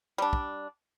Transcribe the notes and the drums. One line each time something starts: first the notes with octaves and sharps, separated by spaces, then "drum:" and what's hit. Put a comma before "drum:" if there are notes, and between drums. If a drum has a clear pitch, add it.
G3 D4
drum: kick